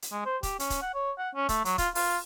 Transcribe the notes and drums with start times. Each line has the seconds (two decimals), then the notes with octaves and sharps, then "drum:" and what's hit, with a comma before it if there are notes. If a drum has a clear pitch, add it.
0.02 drum: hi-hat
0.12 G#3
0.25 C5
0.43 G4, drum: kick C#1, hi-hat
0.60 C#4, drum: hi-hat
0.70 drum: kick C#1, hi-hat
0.82 F#5
0.94 C#5
1.18 F#5
1.35 C#4
1.49 A3, drum: kick C#1, hi-hat
1.65 F#3, drum: hi-hat
1.78 F4, drum: kick C#1, hi-hat
1.95 F4, drum: open hi-hat